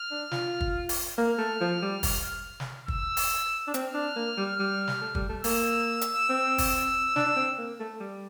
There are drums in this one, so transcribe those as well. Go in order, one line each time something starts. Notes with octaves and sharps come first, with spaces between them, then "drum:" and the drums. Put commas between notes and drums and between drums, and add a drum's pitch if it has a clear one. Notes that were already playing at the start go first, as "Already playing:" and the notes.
Already playing: F6
D4
F4, drum: snare
drum: kick
drum: open hi-hat
A#3 F6
A3
F3
G3
drum: kick, open hi-hat
drum: snare
E6, drum: kick
drum: open hi-hat
D4
C4 F6, drum: hi-hat
D4
A#3
G3
G3
drum: snare
A3
G3, drum: kick
A3
A#3 E6, drum: open hi-hat
drum: hi-hat
C4
drum: kick, open hi-hat
D4, drum: snare
D4
C4
A#3
A3
G3